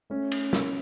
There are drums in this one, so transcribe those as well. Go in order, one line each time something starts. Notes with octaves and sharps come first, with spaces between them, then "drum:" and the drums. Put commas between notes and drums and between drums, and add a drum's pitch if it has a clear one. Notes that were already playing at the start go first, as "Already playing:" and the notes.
A3 C#4
drum: cymbal
drum: snare